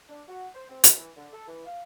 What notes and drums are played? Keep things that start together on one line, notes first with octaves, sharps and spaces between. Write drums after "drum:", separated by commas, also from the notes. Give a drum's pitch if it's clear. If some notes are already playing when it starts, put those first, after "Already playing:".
D4
F#4
C5
C4
F#2, drum: hi-hat
E3
D3
A4
E3
F5